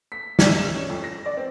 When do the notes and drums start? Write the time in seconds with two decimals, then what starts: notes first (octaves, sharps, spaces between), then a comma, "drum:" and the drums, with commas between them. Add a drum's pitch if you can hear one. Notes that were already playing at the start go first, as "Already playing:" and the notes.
0.12 B6
0.39 C3, drum: snare
0.59 E7
0.75 C#4
0.90 F2
1.04 A#6
1.26 D5
1.37 C4